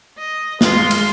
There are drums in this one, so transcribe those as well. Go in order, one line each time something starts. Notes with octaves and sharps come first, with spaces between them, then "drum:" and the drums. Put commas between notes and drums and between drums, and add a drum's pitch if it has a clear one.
D#5
G#3 F4, drum: snare
drum: cymbal